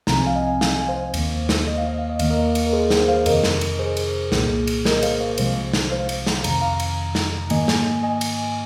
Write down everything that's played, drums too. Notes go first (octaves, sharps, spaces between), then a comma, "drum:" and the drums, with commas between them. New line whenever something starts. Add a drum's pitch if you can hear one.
C2 C3 F3 C4 A#5, drum: snare
G#5
F5
D#5 G#5
F5, drum: snare
G#5
C5 F5
D#2 D#3 A#3, drum: cymbal
drum: snare
D#5
F5
D#5
F5
D#5
D#2 D#3 A#3 F5, drum: cymbal
A#4 D#5
drum: cymbal
A#4
G#4 C5
G#4 C5, drum: snare
C5 F5
F2 C3 D#3 A#4 D#5, drum: cymbal
drum: snare
drum: cymbal
G#4 C5
drum: cymbal
C2 A#2 A#3, drum: snare
drum: cymbal
A#4 D#5, drum: snare
D#5
C5 F5, drum: cymbal
C5 F5
C2 C3 F3 G#3 C5 F5, drum: cymbal
drum: snare
C5 F5
drum: cymbal
drum: snare
F2 C3 D#3 A#5, drum: cymbal
F5 A#5
drum: cymbal
drum: snare
G#2 D#3 A#3 D#5 G#5, drum: cymbal
drum: snare
D#5 G#5
drum: cymbal